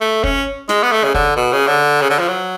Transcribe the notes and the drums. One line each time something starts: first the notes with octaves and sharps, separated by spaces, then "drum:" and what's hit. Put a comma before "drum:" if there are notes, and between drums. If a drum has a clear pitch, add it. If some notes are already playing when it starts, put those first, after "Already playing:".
A3
C#4, drum: kick
G#3, drum: snare
B3
A3
C#3
D3, drum: kick
B2
C#3
D3
C#3
D3
F3
F#3